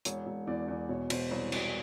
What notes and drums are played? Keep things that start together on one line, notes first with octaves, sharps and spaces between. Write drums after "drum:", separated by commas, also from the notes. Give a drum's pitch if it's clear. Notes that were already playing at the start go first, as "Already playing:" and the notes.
E1 C#5, drum: hi-hat
E1
E2 D5
E2
B2 C#5
B2 C5, drum: cymbal
C2 C#5
B2 D5, drum: cymbal